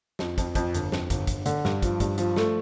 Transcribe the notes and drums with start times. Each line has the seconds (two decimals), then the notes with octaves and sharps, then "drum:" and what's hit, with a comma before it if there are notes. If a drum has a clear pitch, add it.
0.19 F2, drum: snare
0.38 F2, drum: kick, hi-hat
0.55 F2, drum: kick, hi-hat
0.74 G1, drum: hi-hat
0.92 F2, drum: snare
1.10 G1, drum: kick, hi-hat
1.27 G1, drum: kick, hi-hat
1.46 D3, drum: hi-hat
1.65 G2, drum: snare
1.82 F3, drum: kick, hi-hat
2.00 G2, drum: kick, hi-hat
2.18 F3, drum: hi-hat
2.36 A3, drum: snare